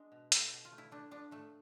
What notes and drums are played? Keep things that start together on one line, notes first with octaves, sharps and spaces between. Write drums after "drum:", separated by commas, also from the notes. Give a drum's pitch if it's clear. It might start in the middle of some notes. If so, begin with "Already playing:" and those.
Already playing: G#3 D4
B2
A3, drum: hi-hat
B2
F4
A3
E4
A3 D4
F3 D4
A2 A3